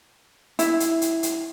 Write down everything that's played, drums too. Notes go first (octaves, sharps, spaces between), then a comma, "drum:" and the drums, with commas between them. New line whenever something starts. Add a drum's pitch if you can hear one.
E4 E5, drum: hi-hat
drum: hi-hat
drum: hi-hat
drum: hi-hat